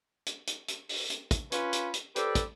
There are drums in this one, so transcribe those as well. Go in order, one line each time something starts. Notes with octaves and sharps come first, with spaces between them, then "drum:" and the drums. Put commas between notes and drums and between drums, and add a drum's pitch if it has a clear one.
drum: hi-hat
drum: hi-hat
drum: hi-hat
drum: open hi-hat
drum: hi-hat
drum: kick, hi-hat
C#4 F4 B4, drum: hi-hat
drum: hi-hat
drum: hi-hat
G4 A4 B4 C5 D5, drum: hi-hat
drum: kick, hi-hat